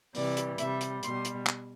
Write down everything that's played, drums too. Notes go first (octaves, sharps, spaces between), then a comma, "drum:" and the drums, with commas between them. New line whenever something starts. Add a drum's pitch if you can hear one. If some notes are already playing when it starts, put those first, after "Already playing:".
C3 E3 G3 D5, drum: open hi-hat
drum: hi-hat
C3 G3 E5, drum: hi-hat
drum: hi-hat
B2 G3 C6, drum: hi-hat
drum: hi-hat
drum: clap